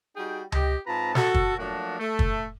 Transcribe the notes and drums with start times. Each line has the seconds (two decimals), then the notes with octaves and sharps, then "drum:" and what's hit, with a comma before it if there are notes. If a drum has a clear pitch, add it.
0.16 G3 D#4 F#4 G#4 G5
0.52 G4 D#5, drum: tom C#2
0.87 G#2 C4 F4 B4 A5 A#5
1.15 F#4 A4, drum: snare
1.34 drum: kick
1.57 F3 F#3 A3 A#3 D4 F#4
1.99 A3
2.19 drum: kick